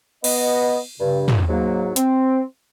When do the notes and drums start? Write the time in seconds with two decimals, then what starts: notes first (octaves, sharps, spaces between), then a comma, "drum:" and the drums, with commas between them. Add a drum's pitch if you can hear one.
0.24 B3 D#5, drum: cymbal
1.00 G2 C#3
1.28 drum: tom
1.49 G#2 F#3 A#3
1.96 C4, drum: hi-hat